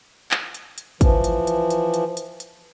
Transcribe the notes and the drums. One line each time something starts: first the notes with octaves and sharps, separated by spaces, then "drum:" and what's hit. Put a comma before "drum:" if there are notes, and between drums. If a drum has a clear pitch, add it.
drum: clap
drum: hi-hat
drum: hi-hat
E3 F3, drum: kick, hi-hat
drum: hi-hat
drum: hi-hat
drum: hi-hat
drum: hi-hat
drum: hi-hat
drum: hi-hat